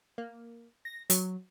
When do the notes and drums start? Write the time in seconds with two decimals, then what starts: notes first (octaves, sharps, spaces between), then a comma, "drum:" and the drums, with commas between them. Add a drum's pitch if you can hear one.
0.18 A#3
0.85 A#6
1.10 F#3, drum: hi-hat